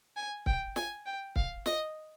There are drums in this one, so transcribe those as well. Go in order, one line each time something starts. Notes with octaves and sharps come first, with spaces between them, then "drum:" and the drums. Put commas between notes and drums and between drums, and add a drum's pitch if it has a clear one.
G#5
G5, drum: kick C#1
G#5, drum: snare
G5
F5, drum: kick C#1
D#5, drum: snare